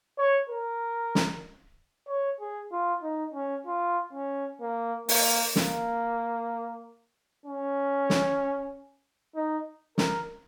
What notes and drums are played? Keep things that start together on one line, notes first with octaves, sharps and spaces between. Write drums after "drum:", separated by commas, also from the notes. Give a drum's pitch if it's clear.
C#5
A#4
drum: snare
C#5
G#4
F4
D#4
C#4
F4
C#4
A#3
A#3, drum: open hi-hat
A#3, drum: snare
C#4
drum: snare
D#4
A#4, drum: snare